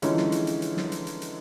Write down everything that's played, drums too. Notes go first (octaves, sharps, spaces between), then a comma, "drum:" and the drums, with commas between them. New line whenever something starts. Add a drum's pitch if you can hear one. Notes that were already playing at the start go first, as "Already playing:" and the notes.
D3 E3 F3 G#3 C#4 D#4, drum: hi-hat
drum: snare
drum: hi-hat
drum: hi-hat
drum: hi-hat
drum: snare
drum: hi-hat
drum: hi-hat
drum: hi-hat